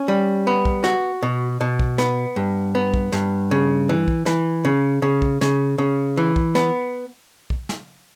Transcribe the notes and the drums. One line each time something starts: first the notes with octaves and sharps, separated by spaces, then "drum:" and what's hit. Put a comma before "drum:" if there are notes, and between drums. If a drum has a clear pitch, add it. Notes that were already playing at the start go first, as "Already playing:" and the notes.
Already playing: C#4
G3
B3
drum: kick
F#4, drum: snare
B2
B2
drum: kick
B3, drum: snare
G2
B3
drum: kick
G2, drum: snare
C#3
E3
drum: kick
E3, drum: snare
C#3
C#3
drum: kick
C#3, drum: snare
C#3
E3
drum: kick
B3, drum: snare
drum: kick
drum: snare